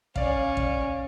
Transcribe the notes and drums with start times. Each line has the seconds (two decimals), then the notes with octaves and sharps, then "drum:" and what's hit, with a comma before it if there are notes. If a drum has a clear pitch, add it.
0.16 C#4 D5 F5, drum: kick A1
0.57 drum: kick A1